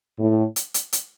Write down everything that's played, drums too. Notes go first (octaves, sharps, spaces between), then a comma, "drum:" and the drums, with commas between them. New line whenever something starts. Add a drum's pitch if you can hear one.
A2
drum: hi-hat
drum: hi-hat
drum: hi-hat